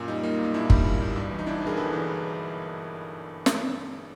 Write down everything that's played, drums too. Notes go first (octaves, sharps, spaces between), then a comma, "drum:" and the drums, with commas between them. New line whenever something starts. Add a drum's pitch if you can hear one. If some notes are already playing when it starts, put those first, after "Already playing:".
Already playing: F#2 A#2
G3 D#4
A#3 D#4
B1
D#4
A#2 D4 E4
G3, drum: kick
A#3
B1
G2
E3
D#4
G1 D4 E4
G1 G#4 A#4
G2 A4 B4
E3
drum: snare